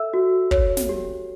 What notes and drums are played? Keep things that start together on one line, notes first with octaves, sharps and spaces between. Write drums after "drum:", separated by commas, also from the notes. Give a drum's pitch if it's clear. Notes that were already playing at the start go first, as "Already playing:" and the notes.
Already playing: A4 E5 E6
F#4
C#5, drum: kick
drum: snare
G4